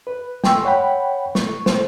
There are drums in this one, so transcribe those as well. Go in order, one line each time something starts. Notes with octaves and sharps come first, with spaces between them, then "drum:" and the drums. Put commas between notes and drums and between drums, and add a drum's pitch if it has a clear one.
B4
G5 G#5 C6 C#6 E6, drum: snare
C#5 F#5 G5 B5
C#6, drum: snare
C5, drum: snare